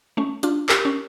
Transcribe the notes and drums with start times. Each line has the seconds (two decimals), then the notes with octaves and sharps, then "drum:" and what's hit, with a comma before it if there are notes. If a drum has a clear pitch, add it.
0.17 A3 C#4
0.43 D4 F4, drum: hi-hat
0.69 G4 A#4, drum: clap
0.85 C#4